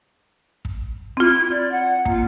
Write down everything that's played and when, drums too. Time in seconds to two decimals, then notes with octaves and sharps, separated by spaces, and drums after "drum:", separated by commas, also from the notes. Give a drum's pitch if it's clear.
0.65 drum: kick
1.17 C4 E4 F4
1.50 D5
1.71 F#5
2.05 A#3 F4, drum: kick